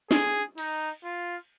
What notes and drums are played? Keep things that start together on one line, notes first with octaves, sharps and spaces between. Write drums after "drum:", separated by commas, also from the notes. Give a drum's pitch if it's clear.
G#4, drum: snare
D#4, drum: cymbal
F4